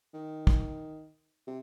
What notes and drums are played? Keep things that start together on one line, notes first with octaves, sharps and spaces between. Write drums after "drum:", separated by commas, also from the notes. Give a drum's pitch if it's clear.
D#3
drum: kick
C3